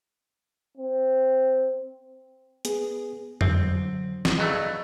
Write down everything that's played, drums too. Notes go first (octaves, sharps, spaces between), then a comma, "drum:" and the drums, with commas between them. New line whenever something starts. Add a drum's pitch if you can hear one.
C4
B3 G#4, drum: hi-hat
D3 F#3 C4, drum: tom F2
drum: snare
G2 F#3 A3 G#4 D#5